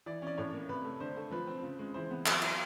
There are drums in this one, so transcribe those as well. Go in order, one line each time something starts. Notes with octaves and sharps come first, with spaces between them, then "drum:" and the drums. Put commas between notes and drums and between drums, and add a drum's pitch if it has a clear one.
E3 D5
C#4 D5
A2 C#5
A#3
C3 B4
A3
D3 C5
A3
F3 B4
C4
C#3
G#3
E3 C5
B3
F#3, drum: clap
E4, drum: cymbal